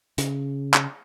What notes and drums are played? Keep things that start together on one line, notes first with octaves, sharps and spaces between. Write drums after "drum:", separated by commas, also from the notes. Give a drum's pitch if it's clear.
C#3, drum: hi-hat
drum: clap